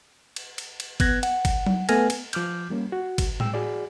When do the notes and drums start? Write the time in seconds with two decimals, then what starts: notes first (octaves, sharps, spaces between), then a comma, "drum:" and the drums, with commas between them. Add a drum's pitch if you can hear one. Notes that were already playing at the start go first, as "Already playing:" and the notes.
0.36 drum: cymbal
0.58 drum: cymbal
0.80 drum: cymbal
1.00 B3 F#6 G#6 A#6, drum: kick, cymbal
1.23 F#5, drum: cymbal
1.45 drum: kick, cymbal
1.66 drum: tom F#3
1.89 A3 B3 A4 G#5 F6 A#6, drum: cymbal
2.10 drum: cymbal
2.33 F3 D6 F6 G6, drum: cymbal
2.70 G3 A#3 C#4
2.92 F#4
3.18 drum: kick, cymbal
3.40 G#3 G5 E6, drum: tom A2
3.54 F#4 G#4 D5